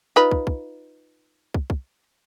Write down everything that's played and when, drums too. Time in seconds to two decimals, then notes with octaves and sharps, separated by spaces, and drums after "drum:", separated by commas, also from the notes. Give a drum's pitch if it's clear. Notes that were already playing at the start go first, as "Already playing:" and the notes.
0.16 D#4 F4 B4
0.31 drum: kick
0.47 drum: kick
1.54 drum: kick
1.70 drum: kick